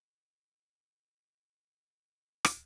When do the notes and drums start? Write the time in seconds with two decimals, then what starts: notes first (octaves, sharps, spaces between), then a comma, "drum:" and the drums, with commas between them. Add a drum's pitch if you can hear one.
0.10 B2 G#3
2.45 drum: rim click